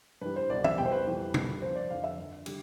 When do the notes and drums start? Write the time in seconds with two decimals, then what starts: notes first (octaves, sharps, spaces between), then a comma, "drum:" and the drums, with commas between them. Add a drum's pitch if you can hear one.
0.21 G2 E3 G3 B4
0.36 C5
0.50 C2 B2 G3 D5
0.64 E5, drum: tom
0.78 E2 B2 G3 G5
0.85 C5
0.92 B4
1.06 F2 E3 G3
1.34 C2 B2 G3, drum: tom
1.62 G2 F3 C5
1.75 D5
1.90 F2 D3 F3 F5
2.04 E5
2.18 G2 F3
2.46 D3 G3, drum: cymbal